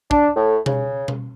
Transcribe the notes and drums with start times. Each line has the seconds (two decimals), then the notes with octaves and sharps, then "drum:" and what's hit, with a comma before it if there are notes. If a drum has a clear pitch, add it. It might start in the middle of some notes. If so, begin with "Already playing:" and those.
0.11 D4, drum: kick
0.36 A2
0.66 C#3, drum: tom B2
1.08 drum: tom B2